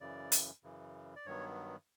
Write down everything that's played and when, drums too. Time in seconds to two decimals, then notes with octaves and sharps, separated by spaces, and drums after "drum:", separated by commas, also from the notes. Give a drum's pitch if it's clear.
0.01 F#2 C#3 E3 D5
0.32 drum: hi-hat
0.63 F#2 C#3 E3
1.16 D5
1.26 G2 D#3 F#3 B3 C#5